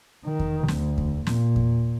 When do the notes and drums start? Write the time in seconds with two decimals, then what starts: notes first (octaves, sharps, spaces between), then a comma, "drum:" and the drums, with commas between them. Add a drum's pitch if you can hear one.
0.25 D#3
0.39 drum: kick E2
0.68 D2, drum: snare
0.98 drum: kick E2
1.27 A#2, drum: snare
1.56 drum: kick E2